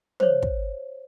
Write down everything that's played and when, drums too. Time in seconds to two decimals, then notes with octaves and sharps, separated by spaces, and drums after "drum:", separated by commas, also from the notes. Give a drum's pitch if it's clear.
0.20 C5 C#5, drum: tom
0.42 drum: kick